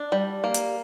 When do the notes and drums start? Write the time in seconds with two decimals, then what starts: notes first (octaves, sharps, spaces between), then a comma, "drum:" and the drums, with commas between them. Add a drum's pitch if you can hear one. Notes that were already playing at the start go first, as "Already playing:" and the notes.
Already playing: D4
0.12 G3
0.44 A#3
0.54 drum: hi-hat